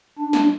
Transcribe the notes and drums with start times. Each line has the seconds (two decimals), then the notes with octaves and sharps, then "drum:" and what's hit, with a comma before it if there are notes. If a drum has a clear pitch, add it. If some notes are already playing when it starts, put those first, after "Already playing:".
0.19 D4
0.33 drum: snare